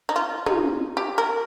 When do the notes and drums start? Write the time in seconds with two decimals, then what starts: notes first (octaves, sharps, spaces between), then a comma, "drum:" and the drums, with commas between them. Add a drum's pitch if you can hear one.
0.09 D#4
0.16 F4
0.46 D#4, drum: tom
0.97 G4
1.18 A#4